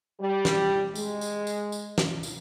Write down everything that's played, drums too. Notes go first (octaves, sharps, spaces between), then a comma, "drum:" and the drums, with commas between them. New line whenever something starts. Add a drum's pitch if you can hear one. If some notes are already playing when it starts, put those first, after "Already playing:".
G3
drum: snare
G#3, drum: tambourine
drum: tambourine
drum: tambourine
drum: tambourine
drum: snare
drum: tambourine